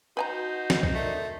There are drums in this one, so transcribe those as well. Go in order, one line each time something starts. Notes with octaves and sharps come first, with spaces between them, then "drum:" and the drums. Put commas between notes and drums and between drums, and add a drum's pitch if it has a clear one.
D#4 F#4 B4 C5 G#5 A#5
drum: snare
drum: kick B1
D2 A3 A#4 D5